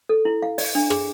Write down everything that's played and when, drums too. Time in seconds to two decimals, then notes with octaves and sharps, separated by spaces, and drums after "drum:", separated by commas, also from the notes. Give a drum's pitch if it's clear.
0.09 A4
0.25 E4
0.42 F5
0.58 D5, drum: open hi-hat
0.75 D4
0.90 G#4, drum: rim click